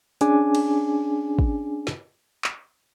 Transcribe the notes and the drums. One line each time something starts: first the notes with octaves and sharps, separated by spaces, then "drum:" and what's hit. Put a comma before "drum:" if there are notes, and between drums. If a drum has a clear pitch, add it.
C#4 D4 G#4 G#5 D6, drum: hi-hat
drum: cymbal
drum: kick
drum: snare
drum: clap